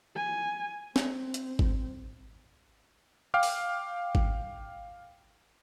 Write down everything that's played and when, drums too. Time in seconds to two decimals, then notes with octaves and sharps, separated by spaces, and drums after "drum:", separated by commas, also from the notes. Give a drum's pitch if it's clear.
0.16 G#5
0.96 C4, drum: snare
1.34 drum: hi-hat
1.59 drum: kick G#1
3.34 F5 G5 D6 F6
3.43 drum: open hi-hat
4.15 drum: kick G#1